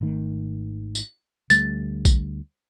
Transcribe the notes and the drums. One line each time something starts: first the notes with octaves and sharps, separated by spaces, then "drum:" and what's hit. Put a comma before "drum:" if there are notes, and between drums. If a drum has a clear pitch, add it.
G#1 D#3 A3
drum: tambourine
D2 G3 A3 A6, drum: tambourine
drum: kick A#1, tambourine